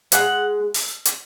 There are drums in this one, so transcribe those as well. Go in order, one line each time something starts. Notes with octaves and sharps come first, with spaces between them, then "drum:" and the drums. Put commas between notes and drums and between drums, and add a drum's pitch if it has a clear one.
G#3 F#5, drum: hi-hat
drum: open hi-hat
drum: hi-hat